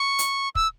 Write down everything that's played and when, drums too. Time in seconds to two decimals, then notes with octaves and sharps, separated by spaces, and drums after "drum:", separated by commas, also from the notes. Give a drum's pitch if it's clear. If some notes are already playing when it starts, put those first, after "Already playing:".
Already playing: C#6
0.19 drum: hi-hat
0.55 E6, drum: kick